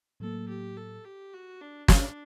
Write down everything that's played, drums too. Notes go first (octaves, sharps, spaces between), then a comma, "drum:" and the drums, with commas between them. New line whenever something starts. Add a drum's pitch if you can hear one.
A2 F#3 A#3 A4
G4
A4
G4
F#4
D4
D4, drum: snare